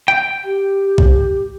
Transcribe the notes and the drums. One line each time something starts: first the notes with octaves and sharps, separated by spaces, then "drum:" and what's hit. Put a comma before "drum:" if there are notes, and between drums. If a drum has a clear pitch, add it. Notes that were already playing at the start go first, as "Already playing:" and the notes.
G5
G4
drum: kick B1